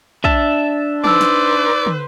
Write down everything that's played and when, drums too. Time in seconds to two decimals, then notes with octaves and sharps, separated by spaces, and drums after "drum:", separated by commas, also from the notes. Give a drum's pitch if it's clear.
0.24 D4 E5 A5, drum: kick
1.04 D#4 B4 C5 D5 E6, drum: tom
1.21 drum: snare
1.86 drum: tom